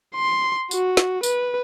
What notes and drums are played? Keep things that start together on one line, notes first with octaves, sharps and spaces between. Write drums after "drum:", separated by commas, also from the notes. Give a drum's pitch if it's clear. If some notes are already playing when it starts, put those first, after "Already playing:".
C6
F#4, drum: tambourine
drum: snare
B4, drum: tambourine